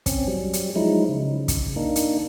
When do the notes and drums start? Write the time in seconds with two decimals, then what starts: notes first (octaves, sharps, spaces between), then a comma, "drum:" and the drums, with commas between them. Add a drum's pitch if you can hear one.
0.06 C4 C#4, drum: kick, hi-hat
0.28 F#3 G3
0.53 drum: hi-hat
0.76 F3 F#3 G#3 D#4 E4
1.09 C#3
1.48 drum: kick, hi-hat
1.76 A#3 D4 D#4
1.96 drum: hi-hat